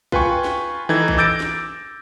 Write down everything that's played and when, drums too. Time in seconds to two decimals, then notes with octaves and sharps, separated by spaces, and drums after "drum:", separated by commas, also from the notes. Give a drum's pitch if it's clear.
0.12 F4 B4 G5 G#5 C#6, drum: kick A#1
0.44 drum: snare
0.89 E3 D#4 A4 G#6 A6
1.08 drum: kick A#1
1.18 D6 E6 G6 A6 A#6 D7
1.40 drum: snare